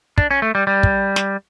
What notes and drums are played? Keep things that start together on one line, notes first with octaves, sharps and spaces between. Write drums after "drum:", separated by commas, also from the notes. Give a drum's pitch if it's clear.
D4, drum: kick
C#4
A3
G3
G3
drum: kick
drum: snare